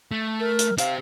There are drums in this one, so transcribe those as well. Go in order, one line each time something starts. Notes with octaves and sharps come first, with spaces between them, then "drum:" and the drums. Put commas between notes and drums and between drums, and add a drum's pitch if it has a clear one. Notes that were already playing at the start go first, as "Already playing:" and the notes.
A3
A#4
drum: hi-hat
G4 C5 F5, drum: hi-hat